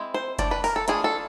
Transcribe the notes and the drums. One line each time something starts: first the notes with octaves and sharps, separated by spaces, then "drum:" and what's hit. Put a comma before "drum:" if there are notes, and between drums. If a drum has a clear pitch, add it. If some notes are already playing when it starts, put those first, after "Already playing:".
Already playing: G#3 C4 E4
C5
E3 A3 D4 D5, drum: kick F#1, hi-hat
B4
A#4, drum: open hi-hat
A4
E3 A3 D4 F4 G#4, drum: hi-hat
A4